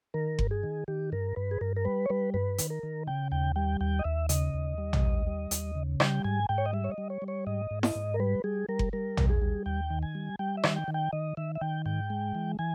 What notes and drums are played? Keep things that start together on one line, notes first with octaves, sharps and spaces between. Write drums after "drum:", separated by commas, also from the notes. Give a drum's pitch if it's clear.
D#3 A#4
G2, drum: kick F#1
G#4
D#3
D#3 G4
G2 A#4
G2 B4
G#4
G2 A#4
A#4
G3 B4
C#5
G3 B4
G2 B4
D#3, drum: hi-hat
A#4
D#3
C#3 G5
D#2 G5
G3 G5
D#2 G5
D#5
D#2 E5
C#3 D#5, drum: hi-hat
D#2
G3
drum: tom
D#2
G3
D#2, drum: hi-hat
C#3
G3 G5, drum: rim click
G#2 G#5
G#2 G5
C#5
D#5
G3 E5
C#5
D#5
G3
C#5
G3
C#5
G#2 D#5
G#2
D#5, drum: snare E4
G#2
A#4
G3 B4
G3 G#4
G3 A#4
drum: kick F#1
G3 A#4
D#2, drum: tom
G#4
G3
D#2 G5
D#3
G#5
G3
G3 G5
E5
D#3, drum: rim click
G5
D#3
G5
D#3 D#5
D#3 E5
E5
D#3 G5
G#2 G5
G#3
E3
E3 G#5